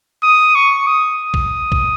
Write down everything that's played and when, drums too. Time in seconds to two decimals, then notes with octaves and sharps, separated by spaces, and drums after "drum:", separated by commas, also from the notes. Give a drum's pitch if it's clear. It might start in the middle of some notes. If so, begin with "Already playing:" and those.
0.23 D#6
0.55 C#6
0.87 D#6
1.34 drum: kick A#1
1.72 drum: kick A#1